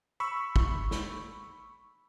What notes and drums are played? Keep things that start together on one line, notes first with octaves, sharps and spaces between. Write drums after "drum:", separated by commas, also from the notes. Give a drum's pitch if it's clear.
B5 C#6 E6
drum: kick
drum: snare